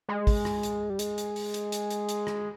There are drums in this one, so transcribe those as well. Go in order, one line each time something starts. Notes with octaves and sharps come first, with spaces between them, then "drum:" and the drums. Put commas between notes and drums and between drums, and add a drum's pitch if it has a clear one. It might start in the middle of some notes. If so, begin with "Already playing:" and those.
G#3
drum: kick, open hi-hat
drum: rim click
drum: hi-hat
G3
G#3, drum: hi-hat
drum: hi-hat
drum: open hi-hat
drum: hi-hat
drum: hi-hat
drum: hi-hat
drum: hi-hat
drum: rim click